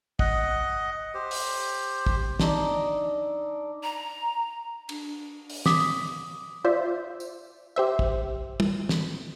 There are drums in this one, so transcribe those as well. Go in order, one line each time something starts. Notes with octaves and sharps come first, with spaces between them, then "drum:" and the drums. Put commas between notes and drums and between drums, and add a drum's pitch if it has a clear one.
D#5 F#5, drum: kick
G4 C5
drum: open hi-hat
drum: kick
D4 D#4 D5 E6, drum: snare
A#5
D4, drum: cymbal
drum: open hi-hat
D6 D#6 B6, drum: snare
F4 C5 D5 E5
drum: tambourine
G4 C5 E5
drum: kick
drum: tom
drum: snare